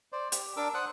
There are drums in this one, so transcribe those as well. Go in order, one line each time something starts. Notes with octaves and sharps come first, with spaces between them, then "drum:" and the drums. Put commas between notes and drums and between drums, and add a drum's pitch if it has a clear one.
C5 D5
G4, drum: hi-hat
D4 A#4 D6 E6
C5 F#5 D#6 F#6